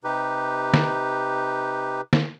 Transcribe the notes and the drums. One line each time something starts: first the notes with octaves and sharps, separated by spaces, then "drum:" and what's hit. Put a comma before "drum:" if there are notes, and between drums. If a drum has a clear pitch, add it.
C3 D#4 G4 B4
drum: snare
drum: snare